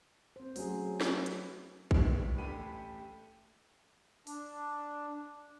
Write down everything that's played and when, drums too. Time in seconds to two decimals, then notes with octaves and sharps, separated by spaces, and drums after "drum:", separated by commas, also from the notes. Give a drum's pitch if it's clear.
0.36 C4 C5
0.56 F#3 A3 C#4 G#4, drum: open hi-hat
1.01 drum: snare
1.12 B4
1.26 drum: hi-hat
1.91 A2 D3 G3 B3, drum: kick A#1
2.38 A1 A3 G4 A4 B5 D#7
4.27 D4, drum: open hi-hat